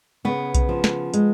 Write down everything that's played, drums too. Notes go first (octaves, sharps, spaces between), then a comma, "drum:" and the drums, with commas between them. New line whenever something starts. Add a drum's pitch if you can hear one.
C#3 B3
drum: kick B1, hi-hat
F3
drum: snare
G#3, drum: hi-hat